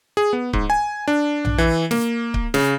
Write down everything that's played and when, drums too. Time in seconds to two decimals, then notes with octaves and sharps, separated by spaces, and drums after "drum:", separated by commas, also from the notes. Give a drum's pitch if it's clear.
0.17 G#4
0.33 B3
0.53 G#2, drum: kick C#1
0.70 G#5
1.08 D4
1.45 drum: tom A#1
1.58 E3
1.91 A#3, drum: snare
2.34 drum: kick C#1
2.54 C#3, drum: snare